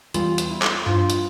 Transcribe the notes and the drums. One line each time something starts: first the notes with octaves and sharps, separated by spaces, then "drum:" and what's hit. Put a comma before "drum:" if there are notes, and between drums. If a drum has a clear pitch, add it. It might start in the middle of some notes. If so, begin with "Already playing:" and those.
E2 E3 G3 F4, drum: hi-hat
drum: hi-hat
E4
drum: clap
G2 F3 F4
drum: hi-hat